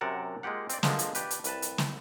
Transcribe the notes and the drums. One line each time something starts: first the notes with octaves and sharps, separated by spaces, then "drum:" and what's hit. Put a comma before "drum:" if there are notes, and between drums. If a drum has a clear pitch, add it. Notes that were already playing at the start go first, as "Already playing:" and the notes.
F#2 C3 A#4 F#5 A5
G#3 A#3 F4 G4 F#5
C4 D5, drum: hi-hat
D3 F3 G#3 A#3 D4, drum: snare
drum: hi-hat
D4 G4 B4, drum: hi-hat
drum: hi-hat
C2 B4 A5, drum: hi-hat
drum: hi-hat
drum: snare